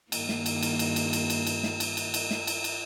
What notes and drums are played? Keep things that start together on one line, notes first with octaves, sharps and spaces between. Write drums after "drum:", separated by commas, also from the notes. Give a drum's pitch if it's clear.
G2 D#3 A#3, drum: cymbal
drum: snare
drum: cymbal
drum: cymbal
drum: cymbal
drum: cymbal
drum: cymbal
drum: cymbal
drum: cymbal
drum: snare
drum: cymbal
drum: cymbal
drum: cymbal
drum: snare
drum: cymbal
drum: cymbal